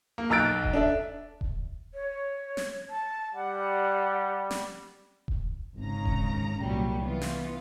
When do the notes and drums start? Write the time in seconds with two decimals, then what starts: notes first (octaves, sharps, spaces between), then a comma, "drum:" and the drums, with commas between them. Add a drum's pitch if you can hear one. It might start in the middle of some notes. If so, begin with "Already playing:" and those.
0.18 A#3
0.30 B1 A#5 E6 F#6 A6 D7
0.63 drum: kick D#1
0.73 D4 A4 E5
1.41 drum: kick D#1
1.94 C#5
2.57 drum: snare
2.90 A5
3.34 G3 F#5
4.51 drum: snare
5.28 drum: kick D#1
5.78 G#1 C#3 A#5
6.05 drum: kick D#1
6.61 C2 A#2 F#3 G3
7.02 E3 B3 F4
7.21 drum: snare